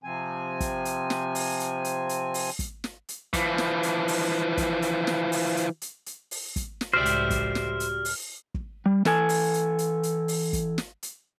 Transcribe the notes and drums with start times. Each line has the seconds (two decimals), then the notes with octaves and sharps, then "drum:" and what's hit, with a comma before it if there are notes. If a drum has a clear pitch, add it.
0.04 C3 F3 C4 G#5
0.60 drum: kick, hi-hat
0.85 drum: hi-hat
1.10 drum: snare
1.35 drum: open hi-hat
1.60 drum: hi-hat
1.84 drum: hi-hat
2.09 drum: hi-hat
2.34 drum: open hi-hat
2.59 drum: kick, hi-hat
2.84 drum: snare
3.09 drum: hi-hat
3.33 E3 F3, drum: kick, hi-hat
3.58 drum: snare
3.83 drum: hi-hat
4.08 drum: open hi-hat
4.57 drum: kick, hi-hat
4.82 drum: hi-hat
5.07 drum: snare
5.32 drum: open hi-hat
5.57 drum: hi-hat
5.82 drum: hi-hat
6.06 drum: hi-hat
6.31 drum: open hi-hat
6.56 drum: kick, hi-hat
6.81 drum: snare
6.93 C#2 A2 F#4 G4 C5 D5 E5 F6
7.06 drum: hi-hat
7.30 drum: kick, hi-hat
7.55 drum: snare
7.80 drum: hi-hat
8.05 drum: open hi-hat
8.54 drum: kick
8.86 G3
9.05 E3 A4 G#5, drum: snare
9.29 drum: open hi-hat
9.54 drum: hi-hat
9.79 drum: hi-hat
10.03 drum: hi-hat
10.28 drum: open hi-hat
10.53 drum: kick, hi-hat
10.78 drum: snare
11.03 drum: hi-hat